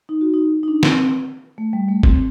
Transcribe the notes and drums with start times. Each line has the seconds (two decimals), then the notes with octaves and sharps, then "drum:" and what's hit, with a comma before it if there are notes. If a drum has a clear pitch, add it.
0.09 D#4
0.21 F#4
0.34 D#4
0.63 D#4
0.68 D4
0.83 C4, drum: snare
1.58 A3
1.73 G3
1.88 A3
2.03 C4, drum: kick